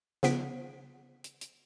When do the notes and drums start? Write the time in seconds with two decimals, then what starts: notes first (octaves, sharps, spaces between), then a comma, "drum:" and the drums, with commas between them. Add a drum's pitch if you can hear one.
0.23 C#3 F3 B3 B6 D7, drum: snare
1.24 drum: hi-hat
1.41 drum: hi-hat